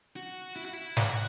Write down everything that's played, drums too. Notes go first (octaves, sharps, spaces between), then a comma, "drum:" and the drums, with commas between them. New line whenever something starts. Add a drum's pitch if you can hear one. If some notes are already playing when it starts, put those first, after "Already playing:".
F#4
E4
F#4
E4
F#4, drum: snare